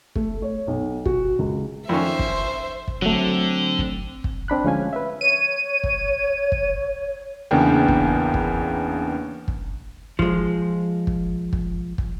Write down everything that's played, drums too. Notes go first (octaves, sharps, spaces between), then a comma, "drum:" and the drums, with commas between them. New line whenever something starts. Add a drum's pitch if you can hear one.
A3, drum: kick
C#5
B1
F#4, drum: kick
C#2
F2 D#3 C#4 C5 E5
drum: kick
drum: kick
D3 F#3 A3 C4
drum: kick
drum: kick
C4 D4 B5 F#6
D2 F3 G#3 C#4 F5 G#5
B4 E5
C#5 D#7
drum: kick
drum: kick
E2 C#3 A#3 B3 D4 G5
drum: kick
drum: kick
drum: kick
F3 G#3, drum: kick
drum: kick
drum: kick
drum: kick